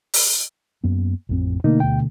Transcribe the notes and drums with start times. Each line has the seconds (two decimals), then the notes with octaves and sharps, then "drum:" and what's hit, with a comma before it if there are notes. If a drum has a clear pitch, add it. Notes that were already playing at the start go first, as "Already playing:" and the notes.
0.14 drum: open hi-hat
0.84 F#2 A#3 B3
1.29 A1 F2 C4
1.64 B2 D3 A3 A#3 D#4
1.80 D2 G5